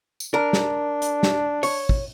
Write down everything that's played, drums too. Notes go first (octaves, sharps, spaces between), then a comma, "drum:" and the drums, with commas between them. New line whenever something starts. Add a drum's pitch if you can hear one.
drum: tambourine
D4 A#4
drum: snare
drum: hi-hat
drum: snare
C#5, drum: open hi-hat
drum: kick